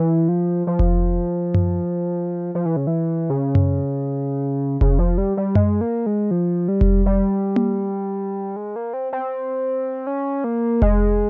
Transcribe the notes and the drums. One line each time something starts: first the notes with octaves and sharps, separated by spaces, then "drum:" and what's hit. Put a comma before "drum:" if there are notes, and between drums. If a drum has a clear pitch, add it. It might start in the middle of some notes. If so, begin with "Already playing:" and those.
Already playing: E3
F3
F3
drum: kick F1
drum: tom F#2
F3
E3
C#3
E3
C#3
drum: tom F#2
C#3, drum: kick F1
F3
G3
G3
G#3, drum: tom F#2
A#3
G#3
F3
G3
drum: kick F1
G3
drum: tom A#3
G#3
A#3
C4
C4
C#4
A#3
G#3, drum: kick F1